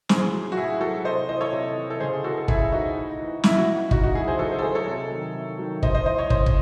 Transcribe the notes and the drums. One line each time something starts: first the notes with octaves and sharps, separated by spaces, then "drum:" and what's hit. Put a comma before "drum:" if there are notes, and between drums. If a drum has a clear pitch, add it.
A2 G#4 C5, drum: snare
F#3
F#4
A2 E4 G#4
F#3 F#4 A4
C3 C5 D#5
E3 C5 D#5
A4 C#5
C3
E3
A4
C#3 G#4 C5
E3 F#4 A4
A4
C#3 E4 G#4, drum: kick
E3 D#4 F#4
A2
E3
A2 E4, drum: snare
F#4
E3 E4
C#3 D#4 F#4, drum: kick
D#4 F#4
F#3 E4 G#4
G#4 C5
C#3 F#4 A4
G#4 C5
A4
F#3 G#4 C5
A4 C#5
C3
D#3 F#3
C3
D#3 F#3
C#3 C5 D#5, drum: kick
C5 D#5
E3 C5 D#5
C#5
C#3 C5 D#5, drum: kick
drum: kick